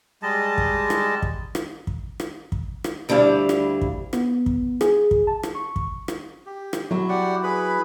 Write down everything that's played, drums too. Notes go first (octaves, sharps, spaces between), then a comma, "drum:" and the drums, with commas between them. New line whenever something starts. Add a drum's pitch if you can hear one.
G3 G#3 D#5 A5
drum: kick
drum: rim click
drum: kick
drum: rim click
drum: kick
drum: rim click
drum: kick
drum: rim click
D2 G3 D4 E4 F5
drum: rim click
drum: kick
B3, drum: rim click
drum: kick
G#4, drum: rim click
drum: kick
A5
drum: rim click
C#6
drum: kick
drum: rim click
G4
drum: rim click
F#3 E4
G4 D5 F#5
G#4 B4 B5